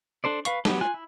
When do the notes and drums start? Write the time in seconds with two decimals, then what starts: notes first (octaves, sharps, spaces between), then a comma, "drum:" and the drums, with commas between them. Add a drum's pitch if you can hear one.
0.24 D4 A4 C5 D5
0.45 B4 F5 C#6, drum: hi-hat
0.65 F#3 B3 G4 A4, drum: snare
0.81 F4 G#5 F#6
0.94 E4